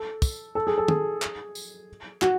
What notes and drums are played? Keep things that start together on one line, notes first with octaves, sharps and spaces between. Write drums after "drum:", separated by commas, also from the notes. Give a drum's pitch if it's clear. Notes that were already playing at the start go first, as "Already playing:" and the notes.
Already playing: A4
drum: kick, tambourine
A4
G#4
A4
G#4, drum: tom
drum: clap
drum: tambourine
F#4, drum: clap